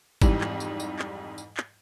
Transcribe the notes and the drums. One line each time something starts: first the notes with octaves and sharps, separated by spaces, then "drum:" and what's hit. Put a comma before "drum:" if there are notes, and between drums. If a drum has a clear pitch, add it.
F2 G#2 E3 G3, drum: kick G1, tambourine
drum: clap
drum: tambourine
drum: tambourine
drum: clap
drum: tambourine
drum: clap